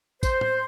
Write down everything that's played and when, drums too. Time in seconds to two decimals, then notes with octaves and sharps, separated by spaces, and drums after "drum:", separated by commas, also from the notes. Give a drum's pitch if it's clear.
0.23 C5, drum: kick A1, tambourine
0.41 drum: tom